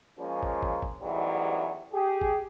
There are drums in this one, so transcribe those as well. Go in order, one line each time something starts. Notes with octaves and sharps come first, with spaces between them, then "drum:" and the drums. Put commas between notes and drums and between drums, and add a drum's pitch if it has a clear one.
F3 G#3 A#3 C#4
drum: kick
drum: kick
drum: kick
A1 E2 G#2 E3 F#3 G3
G4 G#4
drum: kick